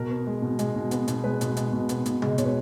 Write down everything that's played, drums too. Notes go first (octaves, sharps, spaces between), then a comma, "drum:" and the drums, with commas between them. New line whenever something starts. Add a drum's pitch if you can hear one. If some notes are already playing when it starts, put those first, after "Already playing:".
Already playing: B2 A#4
B3
G#3
B2
G#3, drum: hi-hat
B2
B3, drum: hi-hat
B2, drum: hi-hat
G#3 B4
B2, drum: hi-hat
G#3, drum: hi-hat
B2
B3, drum: hi-hat
B2, drum: hi-hat
G#3, drum: tom C3
D#5
B2 C#5, drum: hi-hat
B4